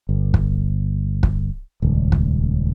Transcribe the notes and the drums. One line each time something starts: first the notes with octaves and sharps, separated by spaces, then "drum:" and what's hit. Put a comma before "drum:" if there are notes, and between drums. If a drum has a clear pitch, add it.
G1
drum: kick
drum: kick
D#1 C#2
drum: kick